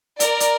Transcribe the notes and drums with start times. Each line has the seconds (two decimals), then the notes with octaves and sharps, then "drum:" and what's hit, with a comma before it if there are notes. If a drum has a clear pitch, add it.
0.20 A#4 D5, drum: hi-hat
0.40 drum: hi-hat